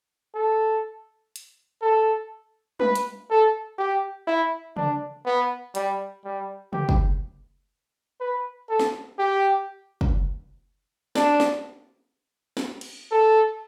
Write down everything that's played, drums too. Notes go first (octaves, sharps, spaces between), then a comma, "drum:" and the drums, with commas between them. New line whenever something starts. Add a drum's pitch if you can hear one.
A4
drum: hi-hat
A4
B4, drum: tom G3
drum: hi-hat
A4
G4
E4
D4, drum: tom C#3
B3
G3, drum: hi-hat
G3
G4, drum: tom C#3
drum: kick
B4
A4
drum: snare
G4
drum: kick
D4, drum: snare
drum: snare
drum: snare
drum: cymbal
A4